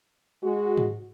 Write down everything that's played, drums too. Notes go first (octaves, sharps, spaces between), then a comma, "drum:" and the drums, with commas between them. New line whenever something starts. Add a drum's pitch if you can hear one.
G#3 F#4
drum: tom G#2